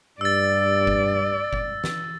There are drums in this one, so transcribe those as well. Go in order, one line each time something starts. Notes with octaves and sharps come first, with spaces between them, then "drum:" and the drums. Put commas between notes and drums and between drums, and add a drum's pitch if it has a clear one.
G2 D5 E6 A6
drum: kick F#1
drum: kick F#1
drum: snare